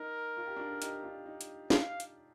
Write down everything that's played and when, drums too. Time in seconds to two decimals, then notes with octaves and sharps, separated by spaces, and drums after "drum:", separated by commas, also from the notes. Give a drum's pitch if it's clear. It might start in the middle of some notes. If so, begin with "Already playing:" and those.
Already playing: D#4 A#4
0.37 F4
0.47 G4
0.56 D4 F4
0.71 A4
0.82 D#4 G4, drum: hi-hat
1.03 D4 F4
1.26 D#4
1.41 drum: hi-hat
1.70 F5, drum: snare
2.00 drum: hi-hat